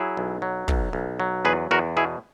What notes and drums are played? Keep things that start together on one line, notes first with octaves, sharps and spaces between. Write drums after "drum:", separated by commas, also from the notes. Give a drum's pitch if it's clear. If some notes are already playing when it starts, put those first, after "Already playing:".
Already playing: F#3 E4 G#4
B1
F#3
B1, drum: kick
B1
F#3
E2 G#4 B4
E2 F#4 A#4
B2 E4 G#4